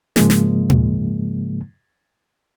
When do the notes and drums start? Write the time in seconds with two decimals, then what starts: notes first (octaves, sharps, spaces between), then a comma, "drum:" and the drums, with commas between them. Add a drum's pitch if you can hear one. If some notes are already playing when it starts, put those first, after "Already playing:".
0.16 G#2 C#3 F3 G#3 A#3, drum: snare
0.30 drum: snare
0.70 drum: tom